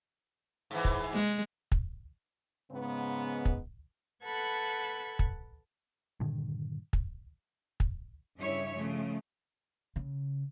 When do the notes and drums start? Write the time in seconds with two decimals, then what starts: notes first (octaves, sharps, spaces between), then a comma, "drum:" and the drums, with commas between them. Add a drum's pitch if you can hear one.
0.71 G#2 E3
0.85 drum: kick
1.14 G#3
1.72 drum: kick
2.71 G#2 C#3 B3
3.45 drum: kick
4.24 A4 B4 F#5 A5 B5 G#6
5.19 drum: kick
6.20 G2 A#2 D3 D#3
6.93 drum: kick
7.80 drum: kick
8.37 G2 C#3 G3 E4 C#5 E5
8.74 C#3 F3 A3
9.96 C#3